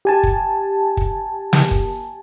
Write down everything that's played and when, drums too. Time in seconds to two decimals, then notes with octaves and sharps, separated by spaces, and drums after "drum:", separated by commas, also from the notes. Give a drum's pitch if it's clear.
0.05 G4 G#5 A5
0.23 drum: kick
0.97 drum: kick
1.53 drum: snare
1.71 drum: kick